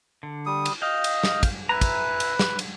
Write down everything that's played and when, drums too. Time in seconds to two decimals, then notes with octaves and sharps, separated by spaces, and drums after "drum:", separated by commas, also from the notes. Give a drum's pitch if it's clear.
0.23 D3
0.46 G3 D#6
0.66 drum: cymbal
0.82 D#5 F5 G5
1.04 drum: cymbal
1.23 drum: snare
1.43 drum: kick, cymbal
1.69 B4 E5 G#5 A#5
1.81 drum: kick, cymbal
2.20 drum: cymbal
2.39 drum: snare
2.59 drum: cymbal